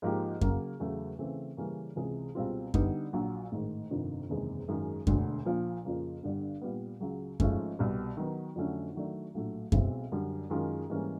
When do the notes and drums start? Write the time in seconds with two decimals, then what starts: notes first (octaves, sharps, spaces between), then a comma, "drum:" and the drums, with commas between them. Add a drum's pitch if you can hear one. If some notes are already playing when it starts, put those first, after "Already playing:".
0.02 G#2 F3 A#3 D#4 G4
0.41 C#3 F#3 A#3, drum: kick F#2
0.80 E2 C#3 F#3 A3
1.19 C#3 E3 A3 C4
1.57 C#3 E3 G3 A#3 C#4
1.96 C#2 C3 E3 G#3
2.35 C#2 B2 G3 C4 F4
2.74 D3 G3 B3 D#4, drum: kick F#2
3.13 A#1 A#2 F#3
3.52 A1 G#2 D#3
3.90 G1 F2 C3 D#3
4.29 F#1 E2 C3 D#3 G#3
4.68 G#1 F#2 D#3 G#3 C#4
5.07 E1 D2 D3, drum: kick F#2
5.45 A#1 A#2 F3
5.85 F2 C#3 F3 A#3
6.23 G1 G2 D3 G3
6.61 A#2 G3 B3
7.00 C#2 C#3 F#3
7.40 G#1 G#2 F3 A3 C#4, drum: kick F#2
7.79 C2 B2 G3
8.17 D#3 F#3 B3 D#4
8.56 F2 D3 F#3 A3 C#4
8.94 D#3 F#3 A3 D4
9.34 A#1 A2 F#3 A3
9.72 B1 B2 G#3 C4 E4, drum: kick F#2
10.12 F#2 D3 G3
10.50 F#2 D#3 G#3 C#4 F4
10.89 G#2 E3 G3 A#3 C#4